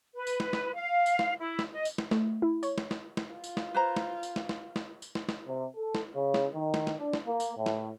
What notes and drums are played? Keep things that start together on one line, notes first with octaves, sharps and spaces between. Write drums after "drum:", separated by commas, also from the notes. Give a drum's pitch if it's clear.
B4
drum: tambourine
drum: snare
drum: snare
F5
drum: tambourine
drum: snare
E4
drum: snare
D#5
drum: tambourine
drum: snare
A3, drum: snare
E4
C#5, drum: tambourine
drum: snare
drum: snare
drum: snare
F4
drum: tambourine
drum: snare
B4 C5 A#5
drum: snare
drum: tambourine
drum: snare
drum: snare
drum: snare
drum: tambourine
drum: snare
drum: snare
C3
A4
drum: snare
C#3
drum: snare
D#3
drum: snare
drum: snare
D4
drum: snare
A#3
drum: tambourine
A2
drum: snare